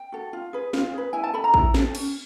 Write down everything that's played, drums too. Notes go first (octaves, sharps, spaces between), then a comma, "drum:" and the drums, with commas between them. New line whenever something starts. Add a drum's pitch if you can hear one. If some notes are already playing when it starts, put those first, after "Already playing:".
Already playing: G5
F#4 A4
F4
G#4 B4
F4, drum: snare
G#4 B4
E4 G#5
A5
A4 B5
A#5
E4, drum: kick
A4, drum: snare
C#4, drum: cymbal